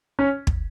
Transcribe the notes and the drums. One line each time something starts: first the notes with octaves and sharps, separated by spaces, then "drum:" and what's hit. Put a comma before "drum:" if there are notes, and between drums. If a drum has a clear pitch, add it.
C#4
drum: kick